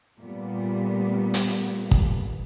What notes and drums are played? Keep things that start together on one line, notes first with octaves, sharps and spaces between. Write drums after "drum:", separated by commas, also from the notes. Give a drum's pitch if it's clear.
A#2 G3 A3 B3
drum: hi-hat
drum: kick